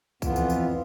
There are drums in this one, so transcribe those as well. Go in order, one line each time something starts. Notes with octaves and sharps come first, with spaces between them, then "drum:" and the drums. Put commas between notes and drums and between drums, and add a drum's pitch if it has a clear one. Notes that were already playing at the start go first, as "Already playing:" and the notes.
F2 E3 B3 F4, drum: kick C2, tambourine
drum: tambourine
drum: tambourine